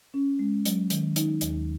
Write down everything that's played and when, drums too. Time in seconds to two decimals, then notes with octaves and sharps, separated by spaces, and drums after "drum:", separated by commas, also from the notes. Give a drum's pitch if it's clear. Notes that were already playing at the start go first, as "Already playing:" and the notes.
0.14 C#4
0.39 G#3
0.65 F#3, drum: hi-hat
0.90 D#3, drum: hi-hat
1.16 D#4, drum: hi-hat
1.41 D#2, drum: hi-hat